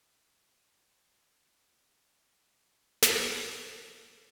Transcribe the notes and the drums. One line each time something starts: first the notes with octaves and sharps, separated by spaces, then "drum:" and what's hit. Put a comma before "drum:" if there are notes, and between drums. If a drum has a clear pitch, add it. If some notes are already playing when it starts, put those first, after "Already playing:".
A2 E3 F#5 A5
A5
E5 G5
C5 E5
A2 E3 E4
drum: snare